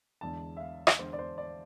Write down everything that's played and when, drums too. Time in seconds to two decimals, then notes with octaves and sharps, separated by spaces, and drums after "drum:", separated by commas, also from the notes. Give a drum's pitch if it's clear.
0.21 E2 D3 G#3 A5
0.57 E5
0.60 F5
0.87 drum: rim click
0.99 E2 D3 G#3 C5
1.13 D5
1.19 C5
1.38 D5